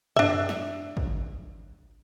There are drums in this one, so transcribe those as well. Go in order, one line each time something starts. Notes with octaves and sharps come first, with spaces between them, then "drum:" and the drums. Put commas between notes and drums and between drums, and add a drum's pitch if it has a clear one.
D4 E5, drum: tom F#2
drum: snare
drum: kick